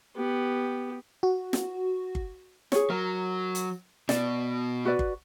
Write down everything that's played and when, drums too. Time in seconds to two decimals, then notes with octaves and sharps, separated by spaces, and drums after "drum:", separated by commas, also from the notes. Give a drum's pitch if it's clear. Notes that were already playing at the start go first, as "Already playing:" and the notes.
0.16 B3 G4
1.23 F#4
1.53 drum: snare
2.15 drum: kick G1
2.72 G#4 C#5, drum: snare
2.90 F#3 A#4
3.55 drum: hi-hat
4.09 B2 D5, drum: snare
4.85 F#4 B4 D5
4.99 drum: kick G1